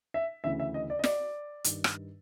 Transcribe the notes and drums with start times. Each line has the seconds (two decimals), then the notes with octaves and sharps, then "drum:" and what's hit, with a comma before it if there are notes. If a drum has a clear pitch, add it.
0.14 E5
0.44 D2 C#3 E3 E5
0.60 E5
0.74 D#5
0.90 D5
0.99 D#5
1.04 D5, drum: snare
1.64 G2 D#3, drum: hi-hat
1.84 drum: rim click